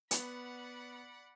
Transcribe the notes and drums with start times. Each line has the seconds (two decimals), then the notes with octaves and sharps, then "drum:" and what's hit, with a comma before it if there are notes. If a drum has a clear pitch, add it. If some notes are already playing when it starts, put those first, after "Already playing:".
0.11 B3 D5 F#5 B5, drum: hi-hat